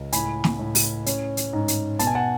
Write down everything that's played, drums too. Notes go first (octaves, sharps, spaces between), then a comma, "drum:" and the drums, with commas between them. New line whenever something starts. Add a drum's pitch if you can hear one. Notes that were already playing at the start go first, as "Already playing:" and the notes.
Already playing: C#2
A2 G#5 B5, drum: hi-hat
drum: snare
A2
drum: open hi-hat
C#4, drum: hi-hat
drum: hi-hat
G#2
drum: hi-hat
B2 A5, drum: hi-hat
G#5
F#5 A5